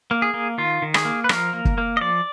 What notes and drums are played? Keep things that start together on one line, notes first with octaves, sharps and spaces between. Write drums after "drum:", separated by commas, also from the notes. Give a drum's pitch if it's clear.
A#3
G#4
A#3
D#3 F4
D#3
G#4, drum: rim click
A#3
B4
F3 A#4, drum: rim click
A#3
drum: kick
A#3
D#5
F3 D5